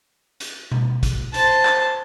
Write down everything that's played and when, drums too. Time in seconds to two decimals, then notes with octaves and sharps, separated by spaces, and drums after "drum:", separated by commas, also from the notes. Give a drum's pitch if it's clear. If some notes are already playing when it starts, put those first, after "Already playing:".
0.40 drum: hi-hat
0.72 drum: tom B2
1.03 drum: kick, hi-hat
1.34 C5 A5, drum: hi-hat
1.65 drum: clap